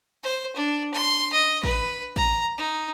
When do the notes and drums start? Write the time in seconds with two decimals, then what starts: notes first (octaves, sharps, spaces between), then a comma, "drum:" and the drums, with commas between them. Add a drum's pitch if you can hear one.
0.23 C5
0.56 D4
0.94 C6
1.33 D#5
1.63 B4, drum: kick A1
2.16 A#5, drum: kick A1
2.58 D#4